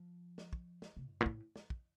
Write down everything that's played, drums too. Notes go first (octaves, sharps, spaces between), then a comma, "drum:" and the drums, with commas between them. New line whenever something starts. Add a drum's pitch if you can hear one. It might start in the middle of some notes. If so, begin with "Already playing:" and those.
Already playing: F3
drum: snare
drum: kick
drum: snare
C3
F#2
A#2
A2, drum: kick
drum: snare
drum: kick